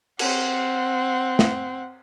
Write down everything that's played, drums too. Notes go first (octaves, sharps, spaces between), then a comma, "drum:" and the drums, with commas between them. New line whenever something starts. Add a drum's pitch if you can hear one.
C4 F#5, drum: cymbal
drum: snare